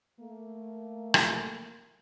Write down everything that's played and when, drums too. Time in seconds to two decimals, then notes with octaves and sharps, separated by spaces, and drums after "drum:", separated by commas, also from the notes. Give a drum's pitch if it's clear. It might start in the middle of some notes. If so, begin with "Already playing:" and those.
0.20 A3 A#3
1.14 drum: rim click